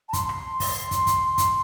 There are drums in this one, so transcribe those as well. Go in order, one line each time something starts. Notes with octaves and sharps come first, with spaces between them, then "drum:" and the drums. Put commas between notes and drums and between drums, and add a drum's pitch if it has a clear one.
A5
C6, drum: kick, hi-hat
drum: rim click
drum: kick, open hi-hat
drum: kick, hi-hat
drum: kick, hi-hat
drum: kick, hi-hat